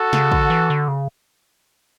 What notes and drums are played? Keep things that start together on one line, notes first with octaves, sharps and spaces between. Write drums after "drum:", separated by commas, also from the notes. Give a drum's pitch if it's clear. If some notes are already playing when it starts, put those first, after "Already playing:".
Already playing: F#4 A4
C#3, drum: snare
D3, drum: kick
E3
D3
C#3